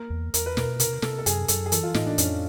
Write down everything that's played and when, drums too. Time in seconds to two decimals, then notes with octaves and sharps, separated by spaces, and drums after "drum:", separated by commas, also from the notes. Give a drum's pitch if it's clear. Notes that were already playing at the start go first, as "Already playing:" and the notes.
Already playing: A#3 A#4
0.10 E2
0.34 E2 A#4, drum: hi-hat
0.46 B4
0.57 B2 A#4, drum: snare
0.80 C3 A#4, drum: hi-hat
1.02 C3 A4, drum: snare
1.19 A4
1.26 F#2 G#4, drum: hi-hat
1.48 F#2 A4, drum: hi-hat
1.66 G#4
1.72 E3 A4, drum: hi-hat
1.83 F4
1.94 A2 D#4, drum: snare
2.07 D4
2.18 F2 C#4, drum: hi-hat